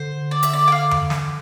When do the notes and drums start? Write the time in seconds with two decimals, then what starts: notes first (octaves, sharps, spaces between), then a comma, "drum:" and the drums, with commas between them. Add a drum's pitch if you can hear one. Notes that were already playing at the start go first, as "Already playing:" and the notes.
Already playing: D3 C5
0.31 D5
0.43 E5, drum: hi-hat
0.53 D5
0.68 G5
0.72 F5
0.91 drum: tom E2
1.10 drum: snare